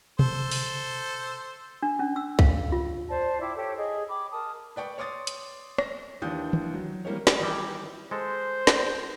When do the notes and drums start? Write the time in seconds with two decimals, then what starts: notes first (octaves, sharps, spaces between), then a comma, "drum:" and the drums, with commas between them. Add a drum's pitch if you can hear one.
0.19 A4 C5, drum: tom B2
0.51 drum: open hi-hat
1.82 D4
1.99 C#4
2.16 E6
2.39 F5, drum: kick C2
2.72 F4
3.09 C5 D5 A5
3.40 E4 G5 D6
3.55 G4 A4 C#5
3.77 G#4 D#5
4.09 G5 B5 D6
4.31 A#4 A5 D#6
4.76 B4 D5 G5 C#6
4.98 C#5 C6 D6 D#6 A6
5.27 drum: hi-hat
5.78 A#6, drum: rim click
6.22 D#2 E3 D4 D#6 G6
6.53 drum: tom
6.73 F#3
7.05 E3 G3 A#3 C4 C#5
7.27 drum: snare
7.39 D#3 E3 G3
8.11 G#3 A4 C5
8.67 drum: snare